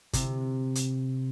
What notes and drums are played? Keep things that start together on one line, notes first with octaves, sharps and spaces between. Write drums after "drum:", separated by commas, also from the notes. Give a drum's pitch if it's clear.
C3, drum: kick G1, hi-hat
drum: hi-hat